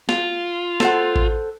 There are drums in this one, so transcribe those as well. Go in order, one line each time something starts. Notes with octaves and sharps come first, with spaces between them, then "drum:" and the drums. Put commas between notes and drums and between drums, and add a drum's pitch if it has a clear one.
F4, drum: snare
A4 C5 F#5, drum: snare
drum: kick A1